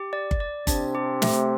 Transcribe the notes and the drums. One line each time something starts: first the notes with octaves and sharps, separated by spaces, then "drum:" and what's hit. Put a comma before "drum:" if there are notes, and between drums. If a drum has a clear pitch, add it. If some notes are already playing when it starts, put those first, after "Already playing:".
Already playing: G4
D5
drum: kick G1
D5
C3 D4, drum: kick G1, hi-hat
G4
A3, drum: snare